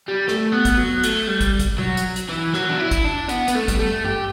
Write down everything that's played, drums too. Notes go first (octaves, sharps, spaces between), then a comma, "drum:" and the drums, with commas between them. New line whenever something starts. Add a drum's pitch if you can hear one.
G3
A3, drum: snare
B3
drum: kick, hi-hat
F#3
A3, drum: hi-hat
G3
drum: kick, hi-hat
drum: kick, hi-hat
F#3, drum: tom B2
drum: hi-hat
drum: hi-hat
E3
F#3, drum: snare
D4
E4
drum: kick, hi-hat
D4
B3, drum: hi-hat
B3, drum: hi-hat
A3
G3, drum: kick, hi-hat
A3
G4, drum: tom G2